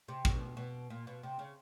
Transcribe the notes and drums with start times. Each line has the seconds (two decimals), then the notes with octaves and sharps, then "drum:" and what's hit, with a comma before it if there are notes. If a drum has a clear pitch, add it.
0.08 C3
0.25 B2, drum: kick
0.57 B2
0.90 A#2
1.07 B2
1.23 C3
1.39 C#3